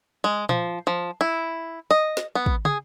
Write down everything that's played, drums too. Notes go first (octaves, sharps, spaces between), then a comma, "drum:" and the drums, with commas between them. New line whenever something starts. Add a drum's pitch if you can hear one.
G#3
F3, drum: tom A#2
F3
E4
D#5
drum: snare
B3
drum: kick
G#4, drum: tom